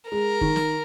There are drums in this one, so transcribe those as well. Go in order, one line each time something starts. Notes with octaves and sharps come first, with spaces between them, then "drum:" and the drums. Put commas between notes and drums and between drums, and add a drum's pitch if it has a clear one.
G#3 A#4
D#3, drum: kick
drum: snare